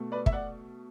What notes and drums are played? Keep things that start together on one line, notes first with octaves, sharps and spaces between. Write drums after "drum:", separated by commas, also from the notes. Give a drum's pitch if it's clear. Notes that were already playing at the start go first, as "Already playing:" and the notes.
Already playing: B2 A3
B4 D5
E5, drum: kick
D5 F#5